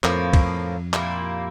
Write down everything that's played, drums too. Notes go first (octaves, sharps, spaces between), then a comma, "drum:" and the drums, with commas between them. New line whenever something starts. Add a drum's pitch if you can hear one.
F2 A2 F3 A#3, drum: clap
drum: kick, cymbal
A#2 G3 A#3 E4, drum: clap